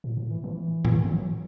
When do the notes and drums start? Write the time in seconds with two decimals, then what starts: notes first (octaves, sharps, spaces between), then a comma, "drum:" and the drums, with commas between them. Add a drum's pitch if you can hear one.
0.04 A2
0.17 A2
0.31 E3
0.44 E3
0.85 D#3, drum: tom G#2
0.94 E3
1.05 E3
1.15 F#3